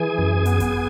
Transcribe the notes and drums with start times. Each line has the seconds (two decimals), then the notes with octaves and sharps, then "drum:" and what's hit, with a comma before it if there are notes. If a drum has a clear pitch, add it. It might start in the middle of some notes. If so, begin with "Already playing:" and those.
Already playing: E3 G#4 G#5
0.18 F#2
0.46 B3, drum: hi-hat
0.60 drum: kick G#1, hi-hat